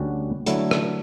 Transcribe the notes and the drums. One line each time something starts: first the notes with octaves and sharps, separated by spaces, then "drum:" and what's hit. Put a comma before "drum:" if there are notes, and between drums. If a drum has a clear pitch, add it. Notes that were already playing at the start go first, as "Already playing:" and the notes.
Already playing: D2 D3 G3 C#4 F#4
D3 F#3 A3 E4, drum: hi-hat
drum: rim click